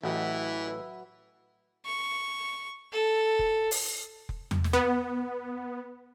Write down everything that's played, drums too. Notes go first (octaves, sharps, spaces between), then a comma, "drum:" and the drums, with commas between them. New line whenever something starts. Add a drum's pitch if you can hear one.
A1 E3 F#3 E4 D#5
B4 E5
C#6
A4
drum: kick F1
drum: open hi-hat
drum: kick F1
drum: tom E2
drum: snare
B3